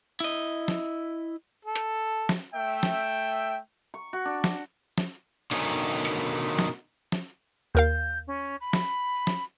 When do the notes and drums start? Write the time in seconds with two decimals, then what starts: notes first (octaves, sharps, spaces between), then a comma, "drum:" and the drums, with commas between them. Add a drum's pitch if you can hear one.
0.20 E4 D#5
0.68 drum: snare
1.65 A4
1.76 drum: hi-hat
2.29 drum: snare
2.55 A3 E5 G5
2.83 drum: snare
3.94 C#6
4.13 F#4
4.25 D4
4.44 drum: snare
4.98 drum: snare
5.51 B2 D3 D#3 C#4 D#4, drum: hi-hat
6.05 drum: hi-hat
6.59 drum: snare
7.12 drum: snare
7.75 D#2 A#4 F5 G6
8.27 C#4
8.61 B5
8.73 drum: snare
9.27 drum: snare